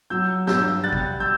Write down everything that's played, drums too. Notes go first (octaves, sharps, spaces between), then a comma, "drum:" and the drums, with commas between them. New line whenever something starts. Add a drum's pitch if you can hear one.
F#3 E6 G6
G2 E6 G6, drum: snare
G3 F#6 A6
drum: kick G#1
E6 G6